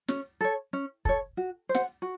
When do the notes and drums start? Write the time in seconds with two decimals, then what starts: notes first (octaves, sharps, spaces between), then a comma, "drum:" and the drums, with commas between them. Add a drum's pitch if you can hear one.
0.08 C#4, drum: snare
0.41 A4 C#5
0.73 C#4
1.05 A4 C#5, drum: kick
1.37 F#4
1.69 C5
1.75 F#5, drum: snare
2.02 F#4